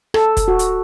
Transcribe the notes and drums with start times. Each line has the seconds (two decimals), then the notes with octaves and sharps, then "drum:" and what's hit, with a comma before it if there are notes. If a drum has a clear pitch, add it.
0.14 A4, drum: rim click
0.37 drum: kick, hi-hat
0.48 F#4
0.59 drum: hi-hat